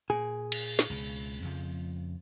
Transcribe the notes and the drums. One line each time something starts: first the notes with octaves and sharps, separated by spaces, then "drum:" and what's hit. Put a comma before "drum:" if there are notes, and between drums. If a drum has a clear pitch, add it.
A#2 G#4
drum: cymbal
drum: snare
C#2 B2
F2 C#3 F3